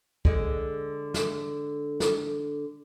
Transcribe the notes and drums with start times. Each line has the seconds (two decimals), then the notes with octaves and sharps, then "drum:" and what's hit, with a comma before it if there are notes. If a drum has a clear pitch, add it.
0.25 D3 G#3, drum: kick
1.14 drum: snare
2.00 drum: snare